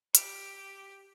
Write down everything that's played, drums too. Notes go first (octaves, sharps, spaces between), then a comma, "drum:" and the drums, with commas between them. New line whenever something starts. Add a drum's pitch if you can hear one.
G4, drum: hi-hat